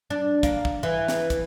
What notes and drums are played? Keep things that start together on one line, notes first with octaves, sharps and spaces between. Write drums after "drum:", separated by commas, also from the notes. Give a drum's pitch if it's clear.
D4
A#3, drum: kick, hi-hat
drum: kick
E3
drum: snare
drum: kick, hi-hat